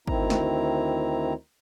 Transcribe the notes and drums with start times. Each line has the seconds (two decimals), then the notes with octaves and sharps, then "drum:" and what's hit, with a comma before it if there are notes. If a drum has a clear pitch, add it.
0.08 D2 D#3 C4 E4 A#5, drum: kick
0.30 drum: snare